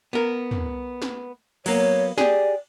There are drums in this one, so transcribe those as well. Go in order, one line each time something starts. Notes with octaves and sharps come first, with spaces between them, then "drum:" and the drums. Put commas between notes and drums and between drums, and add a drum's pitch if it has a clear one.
B3 A#4
drum: tom
drum: snare
F#3 A#3 B3 C#5, drum: cymbal
G4 G#4 D5, drum: snare